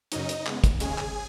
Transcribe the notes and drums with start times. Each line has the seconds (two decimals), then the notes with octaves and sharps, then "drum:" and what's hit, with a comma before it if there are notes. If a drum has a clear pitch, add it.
0.12 F#2 C#3 F#3 C#4 D#4 D#5, drum: hi-hat
0.29 drum: hi-hat
0.46 C#3 G#3 B3, drum: clap
0.64 drum: kick, hi-hat
0.80 D#2 C#3 G#3 C#4 G#4 G#5, drum: hi-hat
0.98 drum: clap